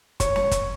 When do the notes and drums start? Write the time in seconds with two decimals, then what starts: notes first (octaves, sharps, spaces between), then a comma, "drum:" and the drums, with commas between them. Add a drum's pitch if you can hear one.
0.20 C#5, drum: kick, hi-hat
0.36 drum: snare
0.51 drum: kick, hi-hat